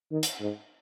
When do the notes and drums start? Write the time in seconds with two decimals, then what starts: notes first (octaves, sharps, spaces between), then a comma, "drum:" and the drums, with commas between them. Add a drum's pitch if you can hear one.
0.12 D#3
0.23 drum: hi-hat
0.40 G#2